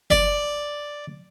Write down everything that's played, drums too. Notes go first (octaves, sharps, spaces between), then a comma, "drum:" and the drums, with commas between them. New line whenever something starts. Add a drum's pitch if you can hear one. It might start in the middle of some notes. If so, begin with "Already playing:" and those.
D5, drum: kick F#1